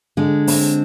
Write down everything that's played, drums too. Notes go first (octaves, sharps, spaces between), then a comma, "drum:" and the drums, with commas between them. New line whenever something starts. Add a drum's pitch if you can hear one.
D3 G#3
C4, drum: open hi-hat